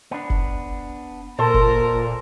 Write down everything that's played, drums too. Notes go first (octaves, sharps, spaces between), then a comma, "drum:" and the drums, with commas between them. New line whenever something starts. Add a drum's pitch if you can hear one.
B3 D4
drum: kick F1
A#2 A4 A#4 C5
drum: kick F1